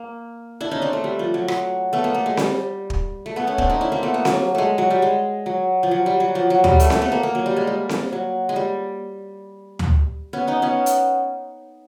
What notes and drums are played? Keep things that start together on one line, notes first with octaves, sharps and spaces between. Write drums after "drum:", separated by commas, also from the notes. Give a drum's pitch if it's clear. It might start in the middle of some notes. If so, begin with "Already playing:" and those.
Already playing: A#3
D4 E4
C#4 D#4
C4 D4
A3
G3
F3
F#3
F#3, drum: rim click
A3 B3
A#3
A3
G#3
G3, drum: snare C4
drum: kick
A3
A3 B3
B3 C#4
C4 D4, drum: kick
C#4 D#4
D4 E4
A#3 C4
A3 B3
A#3
F#3, drum: snare C4
G#3 A3
F#3
G3
G#3
F#3
F3
F#3
G3
F#3
F3
F#3
G3, drum: tom D2
A3, drum: hi-hat
drum: snare C4
A3 B3
A#3
A#3
F#3
G3
G#3
G3
drum: snare C4
F#3
G#3
G3
drum: tom D2
B3 C#4
C#4 D#4
B3 C#4
drum: hi-hat